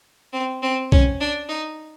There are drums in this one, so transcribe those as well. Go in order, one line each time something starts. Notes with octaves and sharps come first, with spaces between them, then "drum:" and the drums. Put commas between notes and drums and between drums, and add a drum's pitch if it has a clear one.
C4
C4
C#4, drum: kick B1
D4
D#4